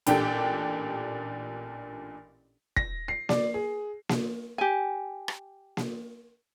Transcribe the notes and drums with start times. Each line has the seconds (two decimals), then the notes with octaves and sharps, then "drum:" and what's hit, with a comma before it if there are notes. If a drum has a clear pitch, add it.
0.07 A1 A#2 D4 G4 A4 G5, drum: hi-hat
2.76 A#6, drum: kick
3.08 C7
3.29 D5, drum: snare A#3
3.54 G#4
4.09 drum: snare A#3
4.58 G4 G#5
5.28 drum: rim click
5.77 drum: snare A#3